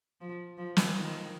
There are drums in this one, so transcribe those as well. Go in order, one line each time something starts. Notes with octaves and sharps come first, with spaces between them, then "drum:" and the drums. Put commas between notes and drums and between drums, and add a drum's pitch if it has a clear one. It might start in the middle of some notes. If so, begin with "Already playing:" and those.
F3
F3
drum: snare
D#3